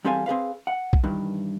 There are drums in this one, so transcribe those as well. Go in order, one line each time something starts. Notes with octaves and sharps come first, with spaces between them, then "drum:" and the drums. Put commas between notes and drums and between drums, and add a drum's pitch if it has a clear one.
E2 G3 C4 A4 F5 G#5
C4 G#4 B4 F5
F#5
drum: kick
G2 D#3 E3